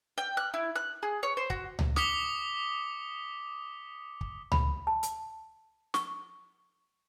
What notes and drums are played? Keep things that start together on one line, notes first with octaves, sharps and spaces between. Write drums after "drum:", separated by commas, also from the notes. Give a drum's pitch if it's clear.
G5
F#6
E4
F#6
G#4
C#5
C5
F#4, drum: kick
drum: tom C#2
D6 D#6 B6 C#7 G7, drum: snare
drum: kick
B5, drum: tom C#2
A5
drum: hi-hat
C#6, drum: snare